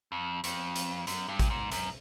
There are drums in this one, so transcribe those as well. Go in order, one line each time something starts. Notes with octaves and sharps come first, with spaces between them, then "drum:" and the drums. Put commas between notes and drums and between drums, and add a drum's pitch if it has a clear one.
F2
F2, drum: hi-hat
drum: hi-hat
F#2, drum: hi-hat
G2
drum: kick A1, hi-hat
G#2
F#2, drum: hi-hat